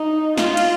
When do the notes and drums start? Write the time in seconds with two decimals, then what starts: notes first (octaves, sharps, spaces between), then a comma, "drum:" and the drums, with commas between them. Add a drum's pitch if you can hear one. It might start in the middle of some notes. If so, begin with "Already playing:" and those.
Already playing: D#4
0.38 F4, drum: snare
0.57 drum: cymbal